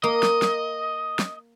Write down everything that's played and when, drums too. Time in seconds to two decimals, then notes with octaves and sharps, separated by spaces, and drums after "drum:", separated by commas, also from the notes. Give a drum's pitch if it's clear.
0.04 A#3 D#5
0.23 drum: snare
0.42 drum: snare
1.19 drum: snare